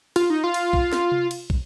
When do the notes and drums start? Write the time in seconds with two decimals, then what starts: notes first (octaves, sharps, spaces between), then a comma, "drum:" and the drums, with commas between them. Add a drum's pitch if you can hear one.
0.16 F4, drum: cymbal
0.30 D#4
0.44 F4
0.54 drum: cymbal
0.73 drum: kick
0.93 drum: snare
1.12 drum: tom C3
1.31 drum: cymbal
1.50 drum: kick